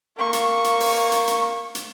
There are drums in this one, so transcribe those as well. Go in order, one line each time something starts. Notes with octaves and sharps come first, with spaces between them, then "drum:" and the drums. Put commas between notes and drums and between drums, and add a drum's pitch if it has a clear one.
A#3 C#6
drum: hi-hat
drum: hi-hat
drum: open hi-hat
drum: hi-hat
drum: hi-hat
drum: hi-hat